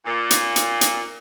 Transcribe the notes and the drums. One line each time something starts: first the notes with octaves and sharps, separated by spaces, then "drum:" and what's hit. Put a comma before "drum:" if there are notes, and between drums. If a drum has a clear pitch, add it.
A#2
drum: hi-hat
drum: hi-hat
drum: hi-hat